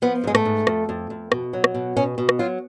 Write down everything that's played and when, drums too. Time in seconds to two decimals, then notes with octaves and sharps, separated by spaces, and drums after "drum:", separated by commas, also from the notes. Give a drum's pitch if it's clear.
0.02 F3 B3
0.24 G#2 G#3
0.35 A3, drum: rim click
0.45 G#2
0.67 F2, drum: rim click
0.89 F2
1.10 F2
1.32 B2, drum: rim click
1.53 F#3
1.64 drum: rim click
1.74 B2
1.96 B2 C#4
2.18 B2
2.29 drum: rim click
2.39 F#3 F4